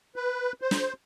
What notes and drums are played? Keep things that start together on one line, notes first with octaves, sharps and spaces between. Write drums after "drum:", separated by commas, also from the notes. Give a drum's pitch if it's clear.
B4
C5
drum: snare